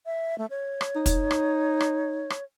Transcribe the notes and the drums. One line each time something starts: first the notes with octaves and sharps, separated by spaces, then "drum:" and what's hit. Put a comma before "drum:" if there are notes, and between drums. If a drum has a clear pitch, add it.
E5
A3
C#5
drum: rim click
D#4
drum: kick, hi-hat
drum: rim click
drum: rim click
drum: rim click